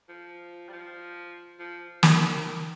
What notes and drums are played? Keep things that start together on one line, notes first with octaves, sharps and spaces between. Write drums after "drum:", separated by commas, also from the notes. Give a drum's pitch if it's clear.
F3
G3
F3
F3
D#3, drum: snare